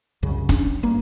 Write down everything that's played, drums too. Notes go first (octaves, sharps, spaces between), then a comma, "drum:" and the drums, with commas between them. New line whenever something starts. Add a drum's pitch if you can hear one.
C2 F#2 C#3
C#4 D4, drum: kick, hi-hat
G#1 G2 A#3